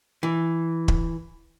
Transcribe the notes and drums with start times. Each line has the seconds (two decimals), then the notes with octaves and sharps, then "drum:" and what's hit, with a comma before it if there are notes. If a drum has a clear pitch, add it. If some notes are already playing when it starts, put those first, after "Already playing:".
0.23 E3
0.88 drum: kick